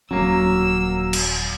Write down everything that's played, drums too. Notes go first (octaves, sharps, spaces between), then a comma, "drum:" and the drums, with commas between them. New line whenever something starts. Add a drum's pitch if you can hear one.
D#1 F#3 A#3 C#4 E6
drum: cymbal